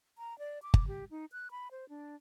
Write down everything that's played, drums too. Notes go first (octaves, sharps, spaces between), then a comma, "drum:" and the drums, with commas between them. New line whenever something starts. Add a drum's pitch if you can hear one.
A#5
D5
D6
drum: kick G1
G4
D#4
F#6
B5
C5
D4